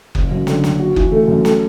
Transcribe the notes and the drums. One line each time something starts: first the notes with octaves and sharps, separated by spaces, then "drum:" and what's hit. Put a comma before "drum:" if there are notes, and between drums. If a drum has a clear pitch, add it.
F#1, drum: kick F#1
F#2
D3, drum: snare
F#1, drum: snare
F#4
E3, drum: kick F#1
A3
F#2
A4, drum: snare